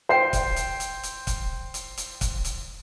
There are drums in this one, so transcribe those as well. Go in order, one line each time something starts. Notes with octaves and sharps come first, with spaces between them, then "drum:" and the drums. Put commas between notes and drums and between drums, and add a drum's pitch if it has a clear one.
C5 G5 C7
drum: kick, hi-hat
drum: hi-hat
drum: hi-hat
drum: hi-hat
drum: kick, hi-hat
drum: hi-hat
drum: hi-hat
drum: kick, hi-hat
drum: hi-hat